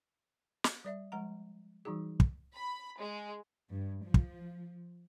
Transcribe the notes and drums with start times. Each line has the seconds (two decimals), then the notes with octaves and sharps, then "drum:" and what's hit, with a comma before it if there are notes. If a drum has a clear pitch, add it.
0.64 drum: snare
0.85 G3 D5 E5
1.12 F3 G#3 F#5 A#5
1.85 E3 G3 D#4 F#4 G#4
2.20 drum: kick
2.54 B5
2.97 G#3
3.70 G2
4.04 F3
4.14 drum: kick